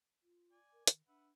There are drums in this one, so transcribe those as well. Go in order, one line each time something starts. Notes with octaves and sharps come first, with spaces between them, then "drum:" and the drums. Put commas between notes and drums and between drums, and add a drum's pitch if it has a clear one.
F4
D5 G#5
A#4
D#3, drum: hi-hat
D4 B4 E5 F#5